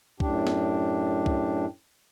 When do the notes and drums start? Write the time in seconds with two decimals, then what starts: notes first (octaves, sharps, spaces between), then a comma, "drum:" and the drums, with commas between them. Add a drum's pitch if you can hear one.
0.20 F#2 A2 D4 G4, drum: kick C2
0.47 drum: snare
1.26 drum: kick C2